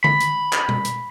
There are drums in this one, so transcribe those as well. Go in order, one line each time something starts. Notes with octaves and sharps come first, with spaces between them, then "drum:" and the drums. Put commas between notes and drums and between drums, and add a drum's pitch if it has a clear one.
B5, drum: tom D3
drum: hi-hat
drum: clap
drum: tom
drum: hi-hat